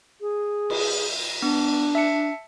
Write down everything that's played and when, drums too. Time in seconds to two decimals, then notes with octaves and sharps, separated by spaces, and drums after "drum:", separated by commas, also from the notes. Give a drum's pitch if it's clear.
0.21 G#4
0.70 drum: cymbal
1.42 B3 D4
1.95 E5 A5 C#7